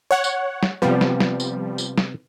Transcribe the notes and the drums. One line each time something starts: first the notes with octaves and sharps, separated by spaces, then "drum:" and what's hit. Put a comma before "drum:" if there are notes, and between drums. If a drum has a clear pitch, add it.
C#5 F#5
drum: tambourine
drum: snare
C3 F3 G3 B3
drum: snare
drum: snare
drum: tambourine
drum: tambourine
drum: snare